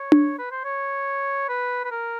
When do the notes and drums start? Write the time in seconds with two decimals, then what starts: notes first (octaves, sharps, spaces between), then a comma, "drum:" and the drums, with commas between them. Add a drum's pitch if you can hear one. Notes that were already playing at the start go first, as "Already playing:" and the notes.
Already playing: C#5
0.12 drum: tom D4
0.39 B4
0.51 C5
0.64 C#5
1.49 B4
1.84 B4
1.91 A#4